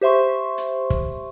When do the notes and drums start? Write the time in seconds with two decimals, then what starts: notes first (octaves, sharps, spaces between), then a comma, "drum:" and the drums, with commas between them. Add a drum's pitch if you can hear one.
0.01 G4 C5 E5 C6 C#6
0.58 drum: hi-hat
0.90 drum: kick